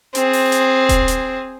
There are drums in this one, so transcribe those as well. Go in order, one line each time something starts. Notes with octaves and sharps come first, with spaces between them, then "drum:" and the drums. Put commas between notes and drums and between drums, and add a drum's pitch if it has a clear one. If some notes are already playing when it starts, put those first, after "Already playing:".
C4 G#4, drum: hi-hat
drum: open hi-hat
drum: hi-hat
drum: kick D#1, hi-hat
drum: hi-hat